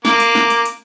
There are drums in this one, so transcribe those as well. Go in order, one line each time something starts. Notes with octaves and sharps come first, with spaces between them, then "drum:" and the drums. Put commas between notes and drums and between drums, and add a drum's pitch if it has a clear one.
A#3 D6, drum: snare
drum: hi-hat
drum: snare
drum: hi-hat
drum: hi-hat